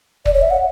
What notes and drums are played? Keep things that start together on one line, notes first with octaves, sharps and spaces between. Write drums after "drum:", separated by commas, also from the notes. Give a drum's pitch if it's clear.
D5, drum: kick
C#5
E5
F#5